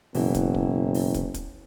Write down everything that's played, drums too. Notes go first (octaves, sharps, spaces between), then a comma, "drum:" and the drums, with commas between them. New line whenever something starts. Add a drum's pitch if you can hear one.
F#1 B2 E3, drum: open hi-hat
drum: kick, hi-hat
drum: kick
drum: open hi-hat
drum: kick, hi-hat
drum: kick, hi-hat